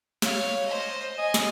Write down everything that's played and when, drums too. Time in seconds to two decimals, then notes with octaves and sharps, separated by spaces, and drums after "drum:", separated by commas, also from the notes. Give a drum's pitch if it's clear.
0.22 C#5 F5, drum: snare
0.65 C5 D#5
1.18 D#5 G#5
1.34 drum: snare